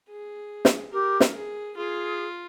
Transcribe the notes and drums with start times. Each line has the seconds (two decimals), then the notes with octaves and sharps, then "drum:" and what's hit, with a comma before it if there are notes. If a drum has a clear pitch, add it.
0.09 G#4
0.65 drum: snare
0.92 G4 A#4
1.20 drum: snare
1.35 G#4
1.75 F4 G#4